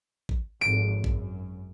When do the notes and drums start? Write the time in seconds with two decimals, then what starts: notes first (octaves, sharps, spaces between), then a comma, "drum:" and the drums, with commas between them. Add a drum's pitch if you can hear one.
0.29 drum: kick A1
0.61 G#1 F2 D7
1.04 F#2, drum: kick A1